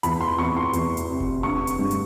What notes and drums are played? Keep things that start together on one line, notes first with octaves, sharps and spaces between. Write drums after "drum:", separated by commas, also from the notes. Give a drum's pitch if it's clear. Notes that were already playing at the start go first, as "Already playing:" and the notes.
E2 B5, drum: hi-hat
C6
E2 C#6
C6
E2, drum: hi-hat
drum: hi-hat
C3
drum: kick F1
D3 C#6
drum: hi-hat
G2
drum: hi-hat